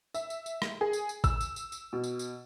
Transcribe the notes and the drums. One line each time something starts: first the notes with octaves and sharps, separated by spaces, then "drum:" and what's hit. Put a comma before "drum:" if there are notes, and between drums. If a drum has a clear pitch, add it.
E5, drum: tambourine
drum: tambourine
drum: tambourine
drum: rim click
G#4
drum: tambourine
drum: tambourine
E6, drum: kick, tambourine
drum: tambourine
drum: tambourine
drum: tambourine
B2
drum: tambourine
drum: tambourine